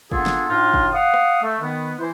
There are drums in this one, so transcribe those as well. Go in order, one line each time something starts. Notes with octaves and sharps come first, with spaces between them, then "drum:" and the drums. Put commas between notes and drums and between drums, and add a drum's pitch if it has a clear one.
A#3 B3 D4 F4 G#4 A4, drum: kick
drum: snare
F#2 A2 D4 D#4 F4
drum: kick
F5 F#5 D#6
drum: rim click
A3
D#3 B3
E3 E4 C5